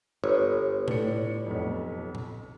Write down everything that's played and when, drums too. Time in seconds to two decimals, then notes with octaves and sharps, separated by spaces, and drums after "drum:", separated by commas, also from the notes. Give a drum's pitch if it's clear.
0.24 G1 C#5
0.88 A2 D5 C#7, drum: tom
1.47 B1 F2
2.15 drum: tom